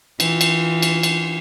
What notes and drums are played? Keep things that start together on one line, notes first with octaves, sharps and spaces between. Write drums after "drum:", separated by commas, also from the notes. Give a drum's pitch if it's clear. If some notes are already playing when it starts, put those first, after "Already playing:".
E3 F4, drum: cymbal
drum: cymbal
drum: cymbal
drum: cymbal